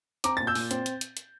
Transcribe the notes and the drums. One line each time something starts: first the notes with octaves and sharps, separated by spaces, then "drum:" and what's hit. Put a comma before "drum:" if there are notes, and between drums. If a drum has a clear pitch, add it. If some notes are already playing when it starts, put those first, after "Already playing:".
C4 A#5 D6, drum: hi-hat
A#2 A6
E6 G6
A#2, drum: open hi-hat
C4, drum: hi-hat
drum: hi-hat
drum: hi-hat
drum: hi-hat